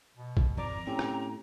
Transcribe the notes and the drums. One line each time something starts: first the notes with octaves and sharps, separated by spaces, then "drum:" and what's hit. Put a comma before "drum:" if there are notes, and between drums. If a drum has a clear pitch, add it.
B2
drum: kick
G#1 F2 D5 A#5 D6
A2 C4 C#4 G4
drum: rim click